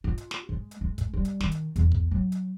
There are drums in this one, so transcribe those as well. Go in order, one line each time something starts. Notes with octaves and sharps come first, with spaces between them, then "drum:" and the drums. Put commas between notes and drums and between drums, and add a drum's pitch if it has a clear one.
F4
drum: hi-hat
drum: snare
G#3
drum: hi-hat
G#3
drum: kick, hi-hat
G3
drum: hi-hat
D#3, drum: snare
drum: hi-hat
E2, drum: hi-hat
drum: kick
F#3
drum: hi-hat